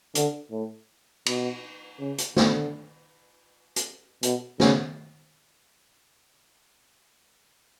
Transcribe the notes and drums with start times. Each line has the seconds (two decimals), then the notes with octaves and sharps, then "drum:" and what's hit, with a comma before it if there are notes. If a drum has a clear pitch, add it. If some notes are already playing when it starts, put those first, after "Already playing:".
0.15 D3, drum: hi-hat
0.51 A2
1.26 B2, drum: cymbal
2.00 C#3
2.18 drum: hi-hat
2.37 D3, drum: snare
3.76 drum: hi-hat
4.23 B2, drum: hi-hat
4.60 C#3, drum: snare